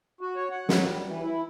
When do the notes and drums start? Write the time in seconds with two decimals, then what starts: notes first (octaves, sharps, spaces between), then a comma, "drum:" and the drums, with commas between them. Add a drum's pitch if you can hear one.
0.21 F#4
0.36 C#5
0.51 F#5
0.69 F#3, drum: snare
0.84 G3
1.06 E3
1.22 E4